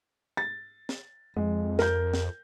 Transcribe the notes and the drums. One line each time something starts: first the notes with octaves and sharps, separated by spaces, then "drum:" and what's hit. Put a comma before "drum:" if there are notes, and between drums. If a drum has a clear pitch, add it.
A6
drum: snare
F2 G#3
A#4 G6, drum: snare
drum: snare